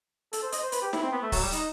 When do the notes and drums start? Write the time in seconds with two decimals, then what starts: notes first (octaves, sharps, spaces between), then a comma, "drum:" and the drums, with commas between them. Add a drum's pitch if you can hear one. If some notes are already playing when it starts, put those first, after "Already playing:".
0.33 A4, drum: hi-hat
0.43 C5
0.52 D#5, drum: hi-hat
0.63 C5
0.72 B4, drum: hi-hat
0.82 G4
0.93 E4, drum: snare
1.02 C4
1.12 B3
1.22 A3
1.32 F#3, drum: kick D1, open hi-hat
1.42 G3
1.52 D#4, drum: hi-hat